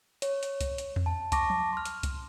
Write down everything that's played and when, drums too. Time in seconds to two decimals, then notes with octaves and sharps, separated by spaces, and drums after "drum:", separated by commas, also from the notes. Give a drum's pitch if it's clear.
0.22 C#5, drum: hi-hat
0.43 drum: hi-hat
0.61 drum: kick C2, hi-hat
0.78 drum: hi-hat
0.96 drum: tom E2
1.06 A5
1.32 A5 C#6 D6 A#6, drum: kick C2, hi-hat
1.50 drum: tom F3
1.73 C6 F6
1.85 drum: hi-hat
2.03 drum: kick C2, hi-hat